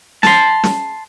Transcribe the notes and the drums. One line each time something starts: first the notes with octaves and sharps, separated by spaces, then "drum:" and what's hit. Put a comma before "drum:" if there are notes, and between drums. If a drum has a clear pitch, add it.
A5 C6, drum: snare
drum: snare